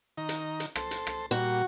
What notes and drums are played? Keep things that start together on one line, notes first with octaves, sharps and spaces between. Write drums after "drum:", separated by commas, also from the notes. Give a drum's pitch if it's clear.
D#3 D#4 A#5
drum: hi-hat
drum: hi-hat
A4 C5, drum: rim click
drum: hi-hat
drum: rim click
A#2 G3 F#4